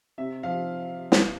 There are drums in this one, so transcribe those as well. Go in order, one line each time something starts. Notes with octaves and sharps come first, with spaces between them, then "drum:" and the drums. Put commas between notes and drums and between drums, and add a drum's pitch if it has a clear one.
C3 E5
F3 F5
drum: snare